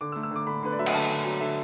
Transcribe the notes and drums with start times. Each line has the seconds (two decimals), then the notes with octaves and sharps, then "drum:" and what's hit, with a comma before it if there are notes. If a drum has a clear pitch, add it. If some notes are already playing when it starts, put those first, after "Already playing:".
0.01 D3 D6
0.12 E6
0.16 A3
0.23 E6
0.31 D3 D6
0.47 D3 B5
0.63 D3 B4
0.72 D5
0.79 F#3 E5
0.86 F#5, drum: cymbal
0.94 D3 A5
1.10 D3
1.25 F#3
1.41 D3 E5